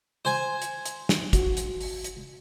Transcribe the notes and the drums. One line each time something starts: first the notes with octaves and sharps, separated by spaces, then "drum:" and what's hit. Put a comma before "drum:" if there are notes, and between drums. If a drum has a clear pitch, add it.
C5 G#5
drum: hi-hat
drum: hi-hat
drum: snare
F#4, drum: kick, hi-hat
drum: hi-hat
drum: open hi-hat
drum: hi-hat